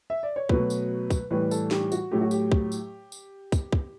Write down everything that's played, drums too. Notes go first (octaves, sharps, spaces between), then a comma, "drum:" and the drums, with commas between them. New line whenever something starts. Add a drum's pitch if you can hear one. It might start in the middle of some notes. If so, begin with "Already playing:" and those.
E5
D5
C#5
B2 F#3 A3 B4, drum: kick
drum: tambourine
drum: kick, tambourine
A2 E3 G3 B4
A4, drum: tambourine
G4, drum: snare
F#4, drum: tambourine
A2 F#3 A3 G4
F#4
G4, drum: tambourine
drum: kick
drum: tambourine
drum: tambourine
drum: kick, tambourine
drum: kick